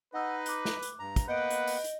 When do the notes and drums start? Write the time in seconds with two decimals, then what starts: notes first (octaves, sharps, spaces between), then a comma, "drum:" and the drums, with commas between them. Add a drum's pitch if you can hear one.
0.14 D#4 B4 D#5 F#5 E6
0.46 D6 F#6, drum: hi-hat
0.65 drum: snare
0.82 drum: hi-hat
0.99 G2 A#5
1.16 drum: kick, hi-hat
1.28 A#3 B3 B4 D#5 F#5 G6 D7
1.50 drum: hi-hat
1.67 drum: open hi-hat
1.84 drum: hi-hat